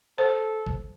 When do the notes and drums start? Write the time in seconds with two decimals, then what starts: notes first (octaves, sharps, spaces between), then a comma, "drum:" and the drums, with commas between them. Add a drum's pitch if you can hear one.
0.18 A4 C5
0.67 drum: kick A#1